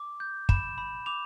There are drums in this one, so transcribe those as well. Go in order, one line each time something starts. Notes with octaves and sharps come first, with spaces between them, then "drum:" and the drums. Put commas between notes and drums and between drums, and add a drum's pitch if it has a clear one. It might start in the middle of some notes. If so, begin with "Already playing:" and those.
Already playing: D6
G6
B5 E7, drum: kick
B5
D6 F7